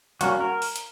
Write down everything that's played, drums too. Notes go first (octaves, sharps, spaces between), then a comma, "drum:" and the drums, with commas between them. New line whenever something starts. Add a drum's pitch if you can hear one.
G3 A#3 C#4 F#4, drum: hi-hat
A#4
drum: open hi-hat
drum: hi-hat